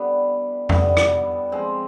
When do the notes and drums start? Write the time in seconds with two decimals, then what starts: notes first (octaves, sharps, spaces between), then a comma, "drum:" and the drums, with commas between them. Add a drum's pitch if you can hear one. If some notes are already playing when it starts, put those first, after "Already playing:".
Already playing: D3 G3 B3 E4
0.69 D3 G3 B3 E4, drum: tom F2
0.97 drum: rim click
1.52 F3 G#3 C4